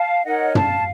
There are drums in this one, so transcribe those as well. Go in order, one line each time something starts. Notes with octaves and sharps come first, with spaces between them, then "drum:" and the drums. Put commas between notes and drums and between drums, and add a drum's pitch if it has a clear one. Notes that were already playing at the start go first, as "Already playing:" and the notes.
Already playing: F5 A5
D#4 A#4 C#5 D#5 F#5
F5 A5, drum: tom